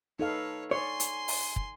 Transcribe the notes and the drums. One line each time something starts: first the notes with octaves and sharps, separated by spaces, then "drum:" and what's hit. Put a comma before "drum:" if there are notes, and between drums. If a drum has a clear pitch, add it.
D#4 A4 B4 C#5 F5
C#5 D5 G#5 C6
drum: hi-hat
drum: open hi-hat
drum: kick